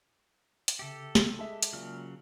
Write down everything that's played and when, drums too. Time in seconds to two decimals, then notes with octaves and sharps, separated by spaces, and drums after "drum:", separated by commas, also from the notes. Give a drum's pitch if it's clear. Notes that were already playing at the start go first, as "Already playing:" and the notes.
0.68 drum: hi-hat
0.79 C#3 G4 A4 E5
1.15 drum: snare
1.39 G#3 D#5 E5 A5
1.63 drum: hi-hat
1.73 A#2 C#3 F#3 F6